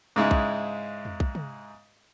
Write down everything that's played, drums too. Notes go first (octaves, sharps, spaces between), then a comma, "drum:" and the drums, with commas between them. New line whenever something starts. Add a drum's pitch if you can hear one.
G#2 C#3 G#3 E4
drum: kick B1
drum: tom E2
drum: kick B1
drum: tom